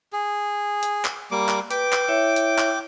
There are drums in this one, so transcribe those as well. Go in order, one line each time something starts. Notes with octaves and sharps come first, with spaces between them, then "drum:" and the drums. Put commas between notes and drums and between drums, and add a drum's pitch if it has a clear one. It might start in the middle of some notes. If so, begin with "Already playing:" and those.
G#4
drum: hi-hat
drum: clap
G3 A#3 D6
drum: clap
B4 G5 D6, drum: hi-hat
drum: clap
E4 C#5 E5
drum: hi-hat
drum: clap